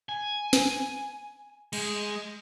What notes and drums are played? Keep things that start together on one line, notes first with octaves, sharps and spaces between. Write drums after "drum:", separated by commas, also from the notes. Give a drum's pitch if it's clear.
G#5
drum: snare
G#3, drum: cymbal